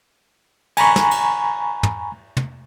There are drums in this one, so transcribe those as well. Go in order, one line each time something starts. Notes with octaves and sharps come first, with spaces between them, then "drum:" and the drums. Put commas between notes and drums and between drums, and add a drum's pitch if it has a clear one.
G#5 A#5 B5 C#6, drum: cymbal
drum: snare
drum: cymbal
drum: tom
drum: tom